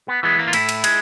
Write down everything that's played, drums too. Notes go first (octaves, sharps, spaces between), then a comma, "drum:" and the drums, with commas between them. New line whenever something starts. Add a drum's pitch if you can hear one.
B3
E3 G#3 B3
A#3
F4
A2 E4, drum: cymbal
drum: cymbal
G#3, drum: cymbal